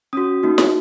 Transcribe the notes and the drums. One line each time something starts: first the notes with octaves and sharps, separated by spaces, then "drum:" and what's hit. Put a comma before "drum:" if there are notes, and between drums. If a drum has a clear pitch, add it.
C#4 F#4 D#6
A#3 D#4 F#4
drum: snare